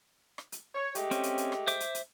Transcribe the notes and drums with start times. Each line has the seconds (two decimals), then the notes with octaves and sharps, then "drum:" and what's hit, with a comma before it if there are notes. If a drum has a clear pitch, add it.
0.38 drum: rim click
0.52 drum: hi-hat
0.75 C#5
0.95 G#3 A3 G4, drum: hi-hat
1.11 C4 C#4, drum: hi-hat
1.23 drum: hi-hat
1.38 drum: hi-hat
1.52 drum: rim click
1.67 C5 E5 D6, drum: hi-hat
1.80 drum: hi-hat
1.95 drum: hi-hat